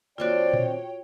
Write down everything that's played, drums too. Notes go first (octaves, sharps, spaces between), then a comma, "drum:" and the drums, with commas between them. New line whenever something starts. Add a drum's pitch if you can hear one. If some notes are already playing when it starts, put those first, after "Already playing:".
D#2 C4 D4 F4 F#4 C#5 D5 G5
drum: tom A#2